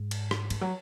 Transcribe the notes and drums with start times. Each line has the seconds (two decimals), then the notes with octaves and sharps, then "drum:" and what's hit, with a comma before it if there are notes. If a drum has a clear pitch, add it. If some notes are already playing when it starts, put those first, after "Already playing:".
Already playing: G#2
0.11 drum: cymbal
0.31 drum: rim click
0.50 E3, drum: cymbal
0.61 F#3